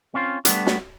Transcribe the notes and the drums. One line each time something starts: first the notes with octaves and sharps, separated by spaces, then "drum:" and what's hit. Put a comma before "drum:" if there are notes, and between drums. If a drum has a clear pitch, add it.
C4 C#4 F4 C5
G3 A3 B3 D4, drum: hi-hat
drum: snare